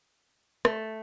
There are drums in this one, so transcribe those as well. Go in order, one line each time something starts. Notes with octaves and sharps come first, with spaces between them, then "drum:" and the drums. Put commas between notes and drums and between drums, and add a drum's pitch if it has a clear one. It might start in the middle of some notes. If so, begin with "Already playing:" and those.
A3, drum: rim click